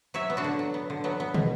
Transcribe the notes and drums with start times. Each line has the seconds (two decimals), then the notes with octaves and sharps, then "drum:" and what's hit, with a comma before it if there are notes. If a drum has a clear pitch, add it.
0.14 F#3 C#5 E5
0.30 B3
0.37 D4 F#4
0.44 D3
0.59 F#3
0.74 B3
0.90 D3
1.04 F#3 B3
1.20 B3
1.34 B2, drum: tom